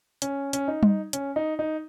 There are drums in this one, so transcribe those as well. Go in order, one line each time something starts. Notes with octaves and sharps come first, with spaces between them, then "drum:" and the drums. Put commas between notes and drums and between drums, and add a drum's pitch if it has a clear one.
C#4, drum: hi-hat
C#4, drum: hi-hat
D#4
drum: tom G3
C#4, drum: hi-hat
D#4
D#4